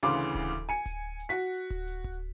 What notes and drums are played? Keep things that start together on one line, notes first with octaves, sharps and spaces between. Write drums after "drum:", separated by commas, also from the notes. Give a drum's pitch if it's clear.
D2 C#3 E3 F5 C6 D6
drum: hi-hat
drum: kick D1
drum: hi-hat
G#5 C#7
drum: kick D1, hi-hat
drum: hi-hat
F#4 B6
drum: hi-hat
drum: kick D1
drum: hi-hat
drum: kick D1